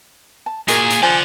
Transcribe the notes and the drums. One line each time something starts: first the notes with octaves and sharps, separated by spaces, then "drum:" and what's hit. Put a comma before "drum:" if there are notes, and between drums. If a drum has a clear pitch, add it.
A5
A#2 F#4 G#4 A#4, drum: hi-hat
drum: hi-hat
F3 D5 F#5 G#5